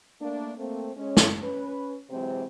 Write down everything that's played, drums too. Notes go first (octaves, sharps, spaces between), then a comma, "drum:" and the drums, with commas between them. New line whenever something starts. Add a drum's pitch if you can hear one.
A3 A#3 D4
A3 A#3 C4
G#3 C#4
drum: snare
C#4 B4
C3 E3 F#3 G#3 C4